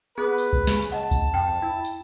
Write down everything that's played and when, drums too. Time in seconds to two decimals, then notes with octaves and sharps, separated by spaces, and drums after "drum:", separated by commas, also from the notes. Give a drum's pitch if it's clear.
0.18 B3 G#4 B4
0.38 drum: tambourine
0.53 drum: kick C2
0.67 C#3, drum: snare
0.82 drum: tambourine
0.92 D#5 F#5 A5
1.11 drum: kick C2, tambourine
1.34 F2 G5
1.62 E4
1.84 drum: tambourine